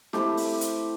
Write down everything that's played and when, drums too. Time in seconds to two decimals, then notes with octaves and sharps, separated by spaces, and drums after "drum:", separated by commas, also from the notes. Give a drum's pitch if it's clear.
0.13 A3 C4 E4 G4, drum: snare
0.37 drum: open hi-hat
0.61 drum: hi-hat